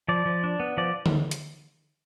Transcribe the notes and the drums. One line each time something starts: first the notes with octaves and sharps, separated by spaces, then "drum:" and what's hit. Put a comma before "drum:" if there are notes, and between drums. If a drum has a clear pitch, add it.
F3 D5
F3
D4
B3
F3 D5
drum: tom D3
drum: hi-hat